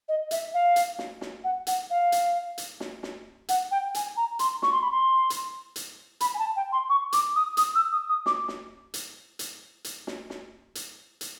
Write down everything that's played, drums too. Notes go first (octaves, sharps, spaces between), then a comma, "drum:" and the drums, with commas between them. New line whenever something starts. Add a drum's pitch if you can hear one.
D#5
E5, drum: hi-hat
F5
drum: hi-hat
drum: snare
drum: snare
F#5
F#5, drum: hi-hat
F5
drum: hi-hat
drum: hi-hat
drum: snare
drum: snare
F#5, drum: hi-hat
G5
G#5, drum: hi-hat
A#5
C6, drum: hi-hat
C#6, drum: snare
C6
B5
C6
drum: hi-hat
drum: hi-hat
B5, drum: hi-hat
G#5
A5
G5
C6
C#6
D6, drum: hi-hat
D#6
D#6, drum: hi-hat
E6
D#6
D#6
D6, drum: snare
drum: snare
drum: hi-hat
drum: hi-hat
drum: hi-hat
drum: snare
drum: snare
drum: hi-hat
drum: hi-hat